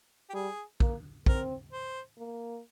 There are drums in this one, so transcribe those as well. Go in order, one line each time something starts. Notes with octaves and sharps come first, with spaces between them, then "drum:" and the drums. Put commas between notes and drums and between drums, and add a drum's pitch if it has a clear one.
G4
G3 G#4
A#3, drum: kick
C4 A#4, drum: kick
C5
A#3